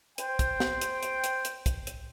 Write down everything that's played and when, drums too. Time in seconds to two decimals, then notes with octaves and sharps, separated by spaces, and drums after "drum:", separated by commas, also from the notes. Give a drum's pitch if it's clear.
0.18 C5 G5, drum: hi-hat
0.39 drum: kick, hi-hat
0.60 drum: snare
0.81 drum: hi-hat
1.03 drum: hi-hat
1.24 drum: hi-hat
1.45 drum: hi-hat
1.66 drum: kick, hi-hat
1.87 drum: hi-hat